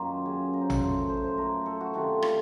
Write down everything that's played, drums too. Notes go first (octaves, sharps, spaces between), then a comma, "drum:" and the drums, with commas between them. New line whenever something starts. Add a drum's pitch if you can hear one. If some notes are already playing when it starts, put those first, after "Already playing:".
Already playing: F#2 D#3 A#3 F4
C#3 F#3 A#3
A#4
C5
A#4, drum: tom A1
F#2 F3 A3 C5
C5
C5
A#2 A3 A#4
A4
F#4
C3 D#3 A3 F4
F4, drum: rim click